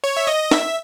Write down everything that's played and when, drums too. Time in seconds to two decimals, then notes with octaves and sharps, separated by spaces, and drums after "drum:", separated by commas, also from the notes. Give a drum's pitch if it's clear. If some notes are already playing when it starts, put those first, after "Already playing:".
0.04 C#5
0.17 E5
0.27 D#5
0.51 E5, drum: snare